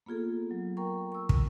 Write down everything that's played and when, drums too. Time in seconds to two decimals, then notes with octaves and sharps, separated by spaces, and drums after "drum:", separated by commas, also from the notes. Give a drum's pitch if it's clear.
0.06 A#3 B3 F4 G#4 A4
0.51 F#3
0.77 A#4 G5 A#5 C#6
1.12 C#6 E6
1.29 drum: kick